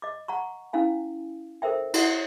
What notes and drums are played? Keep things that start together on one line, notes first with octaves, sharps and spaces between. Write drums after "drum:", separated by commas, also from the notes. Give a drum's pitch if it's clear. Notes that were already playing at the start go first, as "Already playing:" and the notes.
D#5 D6
F#5 A#5 C#6
C#4 E4 F5 G#5
A4 A#4 C5 E5 G5
E4 F#4 D5 F#5, drum: cymbal